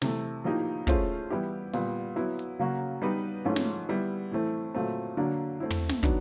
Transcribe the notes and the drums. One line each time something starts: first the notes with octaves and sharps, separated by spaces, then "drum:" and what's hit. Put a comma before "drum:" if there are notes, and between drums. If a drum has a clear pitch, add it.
C3 E3 A3, drum: snare
A2 F3 A#3 D#4 G4
A3 C#4 F4 G#4 C5, drum: kick
E3 G3 B3 E4 G4
A#2 G3 B3, drum: open hi-hat
F#3 B3 E4
drum: hi-hat
C#3 F#3 A#3 C#4 F#4
G3 B3 D#4 G4 B4
G#2 F3 A3 C#4
drum: snare
G3 B3 E4
A2 E3 A3 C4
A#2 F#3 A3 C4
D3 F#3 A#3 D4
A3 C4 E4
drum: tom
drum: snare
D#3 F#3 B3 D4, drum: kick